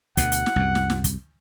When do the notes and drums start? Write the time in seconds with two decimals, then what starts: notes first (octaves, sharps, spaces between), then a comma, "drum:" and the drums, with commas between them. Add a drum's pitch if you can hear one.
0.17 D2 B2 F#5, drum: kick, hi-hat
0.32 drum: hi-hat
0.46 drum: snare
0.56 C2 F#2
0.75 drum: snare
0.90 drum: snare
1.04 drum: kick, hi-hat